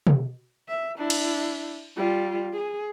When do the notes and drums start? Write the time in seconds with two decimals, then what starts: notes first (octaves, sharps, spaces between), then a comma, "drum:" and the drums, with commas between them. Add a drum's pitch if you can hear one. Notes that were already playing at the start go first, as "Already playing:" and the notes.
0.07 drum: tom
0.69 E5
0.98 D4 E4
1.10 drum: cymbal
1.96 G3 F4
2.53 G#4